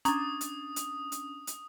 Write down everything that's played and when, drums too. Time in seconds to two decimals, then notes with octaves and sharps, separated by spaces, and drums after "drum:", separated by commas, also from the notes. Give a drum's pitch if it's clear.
0.05 C#4 D4 A#5 D#6, drum: hi-hat
0.41 drum: hi-hat
0.76 drum: hi-hat
1.12 drum: hi-hat
1.47 drum: hi-hat